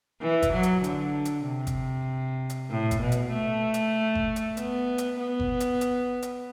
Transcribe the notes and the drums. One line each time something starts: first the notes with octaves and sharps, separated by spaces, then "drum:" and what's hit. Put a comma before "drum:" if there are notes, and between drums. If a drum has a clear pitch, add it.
E3
drum: kick G1, hi-hat
F#3
drum: hi-hat
D3, drum: hi-hat
drum: hi-hat
C3
drum: kick G1, hi-hat
drum: hi-hat
A2
drum: kick G1, hi-hat
B2
drum: hi-hat
A3
drum: hi-hat
drum: kick G1
drum: hi-hat
B3, drum: hi-hat
drum: hi-hat
B3
drum: kick G1
drum: hi-hat
drum: hi-hat
drum: hi-hat